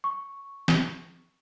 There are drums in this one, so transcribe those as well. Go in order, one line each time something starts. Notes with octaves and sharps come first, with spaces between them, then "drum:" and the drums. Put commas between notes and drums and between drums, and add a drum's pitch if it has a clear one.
C#6
drum: snare